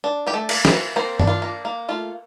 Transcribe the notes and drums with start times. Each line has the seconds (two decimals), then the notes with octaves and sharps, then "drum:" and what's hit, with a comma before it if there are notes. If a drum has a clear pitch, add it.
0.04 D4
0.27 E3 G4
0.34 A3 A4
0.49 A#3, drum: cymbal
0.65 C4 C5, drum: snare
0.72 E3
0.96 A#3 C4 C5
1.19 D4, drum: tom G2
1.27 F4
1.42 A#3
1.65 A#3
1.89 A3 F4